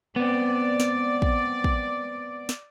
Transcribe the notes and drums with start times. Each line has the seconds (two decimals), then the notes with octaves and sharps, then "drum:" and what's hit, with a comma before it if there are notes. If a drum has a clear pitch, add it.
0.16 B3 C4 D5
0.80 drum: snare
1.22 drum: kick
1.64 drum: kick
2.49 drum: snare